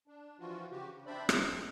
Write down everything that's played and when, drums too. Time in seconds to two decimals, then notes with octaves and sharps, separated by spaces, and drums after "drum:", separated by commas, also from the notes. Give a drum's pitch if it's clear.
0.08 D4
0.40 E3 F3 F4 F#4
0.71 C#3 F#4 G4
0.92 C#3
1.06 C4 D4 C5 D5 E5 B5
1.29 F#2 G#3, drum: rim click